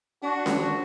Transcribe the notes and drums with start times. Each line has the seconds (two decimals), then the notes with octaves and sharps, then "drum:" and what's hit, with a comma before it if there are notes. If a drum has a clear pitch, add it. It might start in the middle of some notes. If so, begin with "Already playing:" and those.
0.23 D4 F#4
0.46 drum: snare C#4